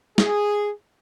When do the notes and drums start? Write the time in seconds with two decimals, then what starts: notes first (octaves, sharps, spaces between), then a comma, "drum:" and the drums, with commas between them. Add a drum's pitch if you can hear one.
0.18 G#4, drum: snare